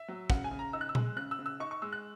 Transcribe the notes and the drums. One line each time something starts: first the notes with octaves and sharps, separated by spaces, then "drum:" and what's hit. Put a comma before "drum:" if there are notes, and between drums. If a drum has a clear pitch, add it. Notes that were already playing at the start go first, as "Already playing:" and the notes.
Already playing: E5
F#3
C#3 F#5, drum: kick
G#5
C#3
A#5
D#4 E6
F#6
E6
G#3, drum: tom A#2
C#3 F#6
E6
C#3
E6
D#4 C#6
C#6
G#3 E6
F#6